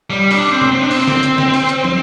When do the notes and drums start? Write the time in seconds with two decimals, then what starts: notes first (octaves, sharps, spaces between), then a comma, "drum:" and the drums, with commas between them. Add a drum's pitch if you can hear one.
0.10 G3
0.31 D4, drum: open hi-hat
0.51 C4
0.61 drum: tom C3
0.72 C4
0.81 D4
0.91 C4, drum: open hi-hat
1.08 drum: snare D3
1.23 drum: hi-hat
1.38 drum: snare D3
1.54 drum: open hi-hat
1.69 drum: hi-hat
1.84 drum: tom